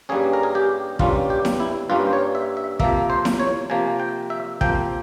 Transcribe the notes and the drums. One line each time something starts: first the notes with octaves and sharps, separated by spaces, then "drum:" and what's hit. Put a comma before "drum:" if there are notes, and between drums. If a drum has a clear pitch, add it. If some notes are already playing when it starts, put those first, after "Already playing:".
G2 G3 A#3 C#4 G#4
A#4
G#4
G4
G2 G3 A#3 C#4 F4, drum: kick
G4
drum: snare E4
E4
G2 G3 A#3 C#4 F4
C5
C#5
E5
E5
C3 F3 A#3 E5, drum: kick
C5
drum: snare E4
C#5
C3 F3 A#3 G#5
G5
E5
C3 F3 A#3 G5, drum: kick